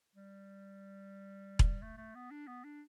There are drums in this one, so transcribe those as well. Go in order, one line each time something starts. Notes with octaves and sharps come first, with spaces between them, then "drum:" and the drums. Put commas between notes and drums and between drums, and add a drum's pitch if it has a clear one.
G3
drum: kick E1
A3
A3
B3
D4
B3
D4